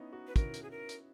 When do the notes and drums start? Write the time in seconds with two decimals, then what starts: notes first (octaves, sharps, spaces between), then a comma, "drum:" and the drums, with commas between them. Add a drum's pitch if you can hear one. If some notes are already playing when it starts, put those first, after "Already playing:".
Already playing: B3 C#4 D#4 E4
0.13 D#4 F#4
0.27 B4
0.36 C#4 E4 A#4, drum: kick, hi-hat
0.54 drum: hi-hat
0.63 G#4
0.71 A#4
0.89 drum: hi-hat